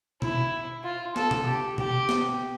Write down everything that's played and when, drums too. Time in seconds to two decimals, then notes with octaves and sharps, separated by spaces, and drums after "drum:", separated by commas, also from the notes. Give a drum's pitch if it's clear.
0.22 E4, drum: tom B2
0.84 F4
1.16 A4, drum: snare
1.31 drum: tom B2
1.47 G4
1.78 G4, drum: tom B2
2.09 drum: snare